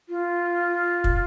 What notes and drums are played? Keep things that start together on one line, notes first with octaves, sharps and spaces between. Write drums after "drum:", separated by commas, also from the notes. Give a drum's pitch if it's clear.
F4
drum: kick